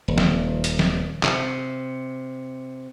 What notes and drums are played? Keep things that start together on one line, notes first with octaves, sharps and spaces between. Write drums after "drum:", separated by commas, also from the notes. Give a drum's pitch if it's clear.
D#1
drum: snare
drum: hi-hat
drum: snare
C3, drum: clap